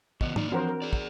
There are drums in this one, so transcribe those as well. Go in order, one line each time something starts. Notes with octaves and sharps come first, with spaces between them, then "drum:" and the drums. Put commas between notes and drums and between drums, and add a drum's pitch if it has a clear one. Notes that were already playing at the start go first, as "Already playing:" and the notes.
C#3 E3 B3 D#5, drum: kick
D#3 A#3 D#4 D5, drum: tom G#2
E3 F3 C4 D4 F#4 A#4 C5 C#5
A#4
G#4 D5
drum: kick